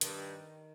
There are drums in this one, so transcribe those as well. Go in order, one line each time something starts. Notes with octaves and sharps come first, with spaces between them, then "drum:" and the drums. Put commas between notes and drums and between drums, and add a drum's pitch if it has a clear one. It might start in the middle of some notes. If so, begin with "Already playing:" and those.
G2 D#3, drum: hi-hat